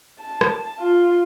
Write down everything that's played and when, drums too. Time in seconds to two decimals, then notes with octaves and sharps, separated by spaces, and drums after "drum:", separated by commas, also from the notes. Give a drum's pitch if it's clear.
0.20 A5
0.41 drum: rim click
0.81 F4